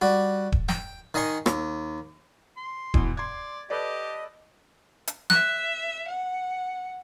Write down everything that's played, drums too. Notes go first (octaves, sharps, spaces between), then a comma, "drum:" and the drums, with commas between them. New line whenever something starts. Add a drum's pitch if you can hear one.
G3 F#4
drum: kick D#1
G5, drum: snare
D#3 D#5 G#5 C6 C#6
D#2, drum: rim click
C6
B2 E3, drum: kick D#1
D5 C6 G#6
G4 A4 B4 D5 D#5
drum: hi-hat
E5 F#6, drum: snare
F#5